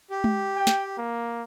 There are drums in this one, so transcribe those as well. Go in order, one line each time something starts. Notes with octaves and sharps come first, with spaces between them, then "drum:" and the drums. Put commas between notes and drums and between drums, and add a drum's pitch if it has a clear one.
G4
drum: tom G#3
G5
drum: snare
A#3